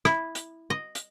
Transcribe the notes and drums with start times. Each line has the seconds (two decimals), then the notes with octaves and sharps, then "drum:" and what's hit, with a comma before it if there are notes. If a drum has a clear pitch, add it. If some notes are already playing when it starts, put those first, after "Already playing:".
0.05 E4, drum: rim click
0.35 drum: hi-hat
0.70 D#5
0.95 drum: hi-hat